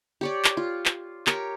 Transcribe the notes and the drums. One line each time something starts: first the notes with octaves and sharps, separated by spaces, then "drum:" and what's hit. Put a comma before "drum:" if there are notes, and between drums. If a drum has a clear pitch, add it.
G4 C#5 D5
drum: clap
F4
drum: clap
G4 A#4 C#5, drum: clap